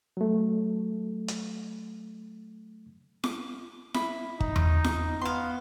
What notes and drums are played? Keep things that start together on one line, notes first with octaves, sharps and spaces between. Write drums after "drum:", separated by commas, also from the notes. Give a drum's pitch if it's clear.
F#3 A3
drum: hi-hat
D6, drum: snare
E4 B5, drum: snare
D#4, drum: kick
drum: tom E2
drum: snare
B3 F5 C6